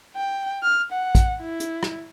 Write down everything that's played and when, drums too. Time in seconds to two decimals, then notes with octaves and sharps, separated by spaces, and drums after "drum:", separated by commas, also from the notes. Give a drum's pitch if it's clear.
0.16 G5
0.63 F6
0.92 F#5
1.15 drum: kick, hi-hat
1.41 E4
1.60 drum: hi-hat
1.83 drum: rim click